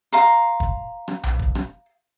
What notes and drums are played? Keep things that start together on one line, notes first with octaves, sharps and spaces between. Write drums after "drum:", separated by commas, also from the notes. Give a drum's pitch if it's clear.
F5 A#5 C6
drum: kick
drum: rim click
drum: tom B1
drum: kick
drum: rim click